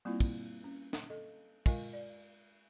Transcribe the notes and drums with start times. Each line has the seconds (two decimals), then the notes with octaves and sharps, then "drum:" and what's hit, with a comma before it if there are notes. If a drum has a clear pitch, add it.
0.05 G3 A#3 C4 E4 F4
0.20 drum: kick, cymbal
0.64 C#4
0.93 drum: snare
1.10 A4 D#5
1.66 G#3 F4 A#4 D#5 F5 G#5, drum: kick, cymbal
1.93 D5